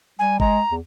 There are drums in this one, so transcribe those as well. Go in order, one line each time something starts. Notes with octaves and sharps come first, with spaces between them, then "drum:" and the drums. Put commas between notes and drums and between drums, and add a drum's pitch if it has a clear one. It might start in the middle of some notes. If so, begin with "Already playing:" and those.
G3 G#5
G#3 A#5, drum: kick G1
E2